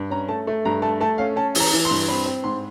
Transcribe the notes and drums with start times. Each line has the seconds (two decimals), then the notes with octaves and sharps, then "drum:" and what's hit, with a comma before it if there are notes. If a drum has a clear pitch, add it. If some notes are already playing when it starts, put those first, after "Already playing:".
Already playing: G2
0.10 C#4 A#5
0.29 A3 A5
0.47 A3
0.65 G2 A#5
0.82 A3 A5
1.00 A3 A5
1.18 C#4 F5
1.36 C#4 A5
1.55 E3, drum: open hi-hat
1.60 A#5
1.72 E3
1.85 C6
1.91 G2
2.08 C4 B5
2.26 C4
2.44 G#2 C6